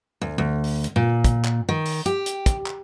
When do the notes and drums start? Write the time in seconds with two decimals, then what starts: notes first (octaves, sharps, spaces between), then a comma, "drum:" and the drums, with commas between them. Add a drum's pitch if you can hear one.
0.21 D2
0.38 D2
0.64 drum: open hi-hat
0.84 drum: hi-hat
0.96 A#2
1.24 drum: kick, hi-hat
1.45 drum: clap
1.69 D#3
1.85 drum: open hi-hat
2.06 G4, drum: hi-hat
2.26 drum: hi-hat
2.46 drum: kick, hi-hat
2.66 drum: clap